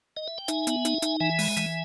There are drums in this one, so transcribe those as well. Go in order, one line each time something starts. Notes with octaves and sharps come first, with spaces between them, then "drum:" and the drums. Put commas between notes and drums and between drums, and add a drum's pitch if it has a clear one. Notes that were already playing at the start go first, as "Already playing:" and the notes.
D#5
E5
G5
D#4 E5 G#5, drum: hi-hat
B3, drum: hi-hat
D#4, drum: hi-hat
D#4, drum: hi-hat
E3 E5 G#5
G#3, drum: open hi-hat
E3, drum: hi-hat